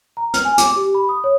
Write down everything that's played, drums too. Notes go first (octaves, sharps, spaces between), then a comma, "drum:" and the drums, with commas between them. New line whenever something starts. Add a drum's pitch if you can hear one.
A#5
F6, drum: hi-hat
G#5
D6, drum: hi-hat
G4
B5
D#6
C#5